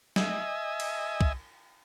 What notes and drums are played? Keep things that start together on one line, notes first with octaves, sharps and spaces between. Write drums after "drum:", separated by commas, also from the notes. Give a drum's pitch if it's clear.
D#5 E5 G#5, drum: snare
drum: cymbal
drum: kick